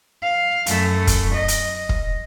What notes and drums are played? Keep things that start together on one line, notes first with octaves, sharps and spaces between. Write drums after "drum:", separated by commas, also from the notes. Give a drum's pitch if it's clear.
F5
F#2 A3, drum: hi-hat
drum: kick, hi-hat
D#5
drum: hi-hat
drum: kick